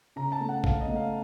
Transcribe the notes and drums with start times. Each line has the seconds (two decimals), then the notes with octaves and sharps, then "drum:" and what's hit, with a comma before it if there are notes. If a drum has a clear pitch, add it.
0.16 C#3 A#5
0.32 A5
0.40 A3
0.49 F#5
0.64 C#3 F5, drum: kick G#1
0.80 D#5
0.88 A3
0.96 F5